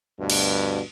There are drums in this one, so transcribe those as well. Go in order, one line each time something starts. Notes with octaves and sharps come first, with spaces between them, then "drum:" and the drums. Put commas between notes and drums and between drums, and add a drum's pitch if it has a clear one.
D2 G2 B2
drum: cymbal